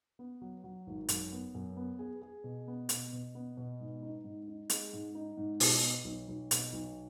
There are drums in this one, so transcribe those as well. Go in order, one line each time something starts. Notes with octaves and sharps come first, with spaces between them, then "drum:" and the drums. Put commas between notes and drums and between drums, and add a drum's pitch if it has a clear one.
B3
F#3
F#3
G#1
F#2, drum: hi-hat
B3
F#2
B3
G#4
G#4
B2
B3
B2, drum: hi-hat
B2
B3
B2
G#2
D#4
G#2
D#4
G#3, drum: hi-hat
G#2
D#4
G#2
B2, drum: open hi-hat
B3
B1
B1
B2, drum: hi-hat
B1